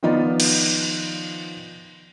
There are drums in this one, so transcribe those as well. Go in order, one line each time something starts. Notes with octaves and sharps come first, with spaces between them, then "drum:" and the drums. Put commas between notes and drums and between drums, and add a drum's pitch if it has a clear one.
D#3 F3 B3 D#4 F4 D5
drum: cymbal